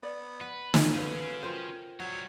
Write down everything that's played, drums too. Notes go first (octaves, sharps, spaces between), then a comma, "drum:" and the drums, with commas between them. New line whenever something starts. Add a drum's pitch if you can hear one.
B3 D5
B4 F#5
E2 A2 F4 F#4, drum: snare
F#2 C#4 G#4 A4 B4 F5
F4 A#4 C5 G5
F#3 G3 C#5 F#5